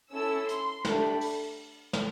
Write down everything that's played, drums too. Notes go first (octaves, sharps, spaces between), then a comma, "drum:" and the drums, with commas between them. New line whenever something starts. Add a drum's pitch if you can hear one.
C#4 E4 A4 E6
C6, drum: hi-hat
A3 D4 G4 B5, drum: snare
drum: open hi-hat
drum: snare